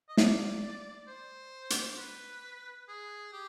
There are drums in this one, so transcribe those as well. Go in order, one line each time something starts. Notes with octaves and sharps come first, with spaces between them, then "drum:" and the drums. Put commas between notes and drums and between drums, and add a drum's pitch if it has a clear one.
D#5
D5, drum: snare
C5
drum: hi-hat
B4
G#4
G4